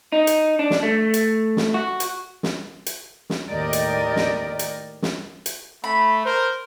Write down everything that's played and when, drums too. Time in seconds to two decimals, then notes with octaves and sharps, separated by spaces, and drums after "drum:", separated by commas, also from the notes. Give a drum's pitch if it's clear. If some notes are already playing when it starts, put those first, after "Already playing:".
0.12 D#4
0.27 drum: hi-hat
0.59 D4
0.70 drum: snare
0.83 A3
1.14 drum: hi-hat
1.57 drum: snare
1.74 F#4
2.00 drum: hi-hat
2.43 drum: snare
2.86 drum: hi-hat
3.30 drum: snare
3.51 D#2 A2 G4 A#4 D5 D#5
3.73 drum: hi-hat
4.16 drum: snare
4.59 drum: hi-hat
5.02 drum: snare
5.46 drum: hi-hat
5.84 A3 B5
6.26 A#4 C5